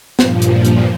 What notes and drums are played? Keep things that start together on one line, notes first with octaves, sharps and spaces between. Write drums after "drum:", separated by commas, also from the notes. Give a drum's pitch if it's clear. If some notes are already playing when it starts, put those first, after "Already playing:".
G2 A#2 F3, drum: snare
drum: hi-hat
drum: hi-hat